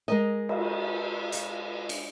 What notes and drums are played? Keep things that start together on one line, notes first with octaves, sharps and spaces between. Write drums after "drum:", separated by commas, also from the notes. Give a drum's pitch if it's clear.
G#3 A#4 D#5
drum: cymbal
drum: hi-hat
drum: cymbal